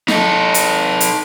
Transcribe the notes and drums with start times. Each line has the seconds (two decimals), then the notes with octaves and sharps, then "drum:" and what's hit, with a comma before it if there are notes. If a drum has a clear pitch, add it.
0.08 D#4 A4, drum: snare
0.54 drum: hi-hat
1.00 drum: hi-hat